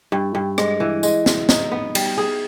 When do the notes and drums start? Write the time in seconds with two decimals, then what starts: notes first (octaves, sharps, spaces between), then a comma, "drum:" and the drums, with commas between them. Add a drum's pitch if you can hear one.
0.12 G2
0.35 G2
0.58 G#3, drum: rim click
0.80 E3
1.03 G#3, drum: tambourine
1.26 G#3, drum: snare
1.49 D#4, drum: snare
1.71 B3
1.95 G3, drum: cymbal
2.17 G#4